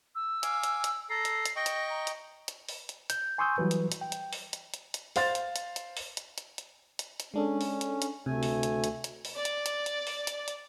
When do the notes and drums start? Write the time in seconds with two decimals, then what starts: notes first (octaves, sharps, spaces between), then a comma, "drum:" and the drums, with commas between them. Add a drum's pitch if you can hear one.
0.15 E6
0.43 F5 G#5 D6, drum: hi-hat
0.63 drum: hi-hat
0.84 drum: hi-hat
1.10 A4 A#5 C7
1.25 drum: hi-hat
1.46 drum: hi-hat
1.56 D#5 G5 C#6 A#6
1.66 drum: hi-hat
1.90 A#5
2.07 drum: hi-hat
2.48 drum: hi-hat
2.69 drum: open hi-hat
2.89 drum: hi-hat
3.10 G6, drum: hi-hat
3.38 G#5 C6 C#6 D#6 E6 G6
3.58 E3 F#3 G3 B4
3.71 drum: hi-hat
3.92 drum: hi-hat
4.01 G5
4.12 drum: hi-hat
4.33 drum: open hi-hat
4.53 drum: hi-hat
4.74 drum: hi-hat
4.94 drum: hi-hat
5.16 C5 F5 C6 A6, drum: open hi-hat
5.35 drum: hi-hat
5.56 drum: hi-hat
5.76 drum: hi-hat
5.97 drum: open hi-hat
6.17 drum: hi-hat
6.38 drum: hi-hat
6.58 drum: hi-hat
6.99 drum: hi-hat
7.20 drum: hi-hat
7.34 G#3 C#4 D4 A4
7.61 drum: open hi-hat
7.81 drum: hi-hat
8.02 drum: hi-hat
8.26 D2 C3 A3 G#5
8.43 drum: open hi-hat
8.63 drum: hi-hat
8.84 drum: hi-hat
9.04 drum: hi-hat
9.25 drum: open hi-hat
9.35 D5
9.45 drum: hi-hat
9.66 drum: hi-hat
9.86 drum: hi-hat
10.07 drum: open hi-hat
10.27 drum: hi-hat
10.48 drum: hi-hat